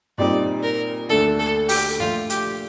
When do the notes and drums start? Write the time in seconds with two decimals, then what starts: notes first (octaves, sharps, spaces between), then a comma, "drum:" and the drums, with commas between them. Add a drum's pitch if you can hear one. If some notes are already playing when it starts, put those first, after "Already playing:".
0.18 A#2 G3 C4 D#4 D5
0.63 A#4
1.09 D2 D3 A3 D4 A4
1.39 A4
1.69 G4, drum: open hi-hat
1.99 A#2 F3 A3 F4
2.30 G4, drum: hi-hat